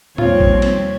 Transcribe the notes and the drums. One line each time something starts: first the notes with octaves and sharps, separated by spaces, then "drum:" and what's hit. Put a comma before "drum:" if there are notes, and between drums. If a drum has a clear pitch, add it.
D#2 B2 F3 G3 C4 F4 C#5, drum: tom G#2
drum: kick A#1
drum: cymbal